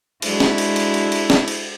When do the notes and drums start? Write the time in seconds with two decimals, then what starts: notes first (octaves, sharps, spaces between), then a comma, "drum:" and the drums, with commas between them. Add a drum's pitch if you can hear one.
0.22 G#3 D4 E4 F#4, drum: cymbal
0.40 drum: snare
0.58 drum: cymbal
0.76 drum: cymbal
0.94 drum: cymbal
1.12 drum: cymbal
1.30 drum: snare
1.48 drum: cymbal